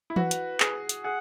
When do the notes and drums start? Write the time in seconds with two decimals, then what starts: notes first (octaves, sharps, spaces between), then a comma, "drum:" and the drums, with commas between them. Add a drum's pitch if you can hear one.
0.10 E4
0.16 F#4 B4, drum: tom E3
0.31 drum: hi-hat
0.60 G#4, drum: clap
0.89 drum: hi-hat
1.04 G#4 F#5